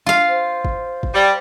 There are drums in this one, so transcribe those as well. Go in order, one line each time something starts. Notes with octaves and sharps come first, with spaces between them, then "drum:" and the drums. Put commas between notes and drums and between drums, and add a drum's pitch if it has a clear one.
F4 F5
C5
drum: kick G1
drum: kick G1
G3